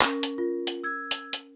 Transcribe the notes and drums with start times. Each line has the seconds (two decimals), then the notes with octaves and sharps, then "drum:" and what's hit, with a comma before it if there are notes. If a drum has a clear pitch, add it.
0.01 C#4 A#4, drum: clap
0.23 drum: hi-hat
0.38 F4 A#4
0.67 drum: hi-hat
0.84 E6 G#6
1.11 drum: hi-hat
1.33 drum: hi-hat